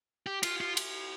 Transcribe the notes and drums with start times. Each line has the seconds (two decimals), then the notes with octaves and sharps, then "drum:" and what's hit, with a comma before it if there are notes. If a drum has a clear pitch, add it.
0.27 G4
0.43 F4, drum: cymbal
0.61 F4
0.77 drum: cymbal